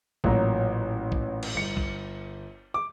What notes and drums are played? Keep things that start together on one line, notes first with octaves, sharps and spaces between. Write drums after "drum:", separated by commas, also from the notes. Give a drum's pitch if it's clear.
A1 A#2 F#3 A#5, drum: kick
drum: kick
drum: cymbal
G1 C#7
drum: kick
D6